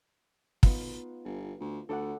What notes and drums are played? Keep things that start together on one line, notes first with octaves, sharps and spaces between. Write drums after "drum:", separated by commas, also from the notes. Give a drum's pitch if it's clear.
B3 D#4 F4, drum: kick
G1
D2
D2 A4 D5 F#5